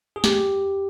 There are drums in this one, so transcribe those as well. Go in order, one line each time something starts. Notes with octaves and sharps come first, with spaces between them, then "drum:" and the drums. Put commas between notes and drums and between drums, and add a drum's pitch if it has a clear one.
G#4
G4, drum: snare